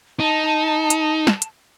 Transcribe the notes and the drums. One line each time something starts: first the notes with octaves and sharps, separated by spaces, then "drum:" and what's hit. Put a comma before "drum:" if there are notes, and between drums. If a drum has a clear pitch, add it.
D#4 A5
drum: hi-hat
drum: snare
drum: hi-hat